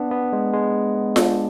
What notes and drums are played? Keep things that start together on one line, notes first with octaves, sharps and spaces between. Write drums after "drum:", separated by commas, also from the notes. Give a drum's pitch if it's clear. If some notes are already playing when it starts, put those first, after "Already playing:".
Already playing: B3 D4
B3
G#3
G#3
B3
D4, drum: snare F4